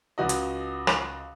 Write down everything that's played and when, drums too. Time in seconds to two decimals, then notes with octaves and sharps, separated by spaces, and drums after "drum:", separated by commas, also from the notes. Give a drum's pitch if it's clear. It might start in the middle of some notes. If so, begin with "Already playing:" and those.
0.18 C#2 F#4 D#5
0.29 drum: hi-hat
0.87 drum: rim click